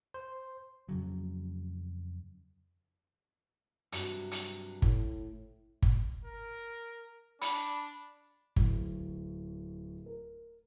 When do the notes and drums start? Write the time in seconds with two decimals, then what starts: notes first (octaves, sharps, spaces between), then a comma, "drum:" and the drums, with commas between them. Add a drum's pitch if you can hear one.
0.14 C5
0.89 F2 C#3 F#3
3.92 G2 C3 F#3, drum: hi-hat
4.31 drum: hi-hat
4.82 A2, drum: kick G1
5.82 drum: kick G1
6.25 A#4
7.41 D4 B5, drum: hi-hat
8.56 D1, drum: kick G1
10.06 A#4